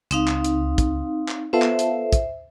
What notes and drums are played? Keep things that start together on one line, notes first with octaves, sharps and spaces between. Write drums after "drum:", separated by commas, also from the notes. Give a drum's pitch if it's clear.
C#2 C4 D#4 F5, drum: hi-hat
drum: clap
drum: hi-hat
drum: kick, hi-hat
drum: clap
B3 F4 A4 C5 E5
drum: clap
drum: hi-hat
drum: kick, hi-hat